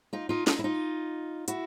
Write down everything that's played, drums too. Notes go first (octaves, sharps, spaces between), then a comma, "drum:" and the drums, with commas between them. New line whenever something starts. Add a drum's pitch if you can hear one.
D#4 F4
D#4 F4
D#4 F4, drum: snare
E4
D#4 F4
E4 F#4, drum: hi-hat